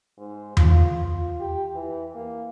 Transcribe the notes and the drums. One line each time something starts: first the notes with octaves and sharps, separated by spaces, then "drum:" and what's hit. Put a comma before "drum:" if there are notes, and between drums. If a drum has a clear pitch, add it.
G#2
F4, drum: tom E2
F4
G4
E3
A#3